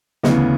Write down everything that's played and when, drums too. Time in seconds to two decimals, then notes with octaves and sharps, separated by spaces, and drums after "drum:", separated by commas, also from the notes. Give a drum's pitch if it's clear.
0.23 D2 C#3 E3 B3, drum: snare